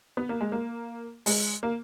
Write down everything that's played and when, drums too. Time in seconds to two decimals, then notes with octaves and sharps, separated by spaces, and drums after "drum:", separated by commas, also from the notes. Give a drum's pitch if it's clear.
0.17 B3
0.29 A#3
0.41 G#3
0.52 A#3
1.26 G#3, drum: open hi-hat
1.63 A#3